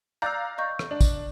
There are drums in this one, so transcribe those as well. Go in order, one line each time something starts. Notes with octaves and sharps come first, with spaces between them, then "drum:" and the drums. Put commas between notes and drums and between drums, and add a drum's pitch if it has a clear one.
D5 F5 A#5 E6 F#6 G6
D#5 C#6 G6
drum: rim click
D4
drum: kick, tambourine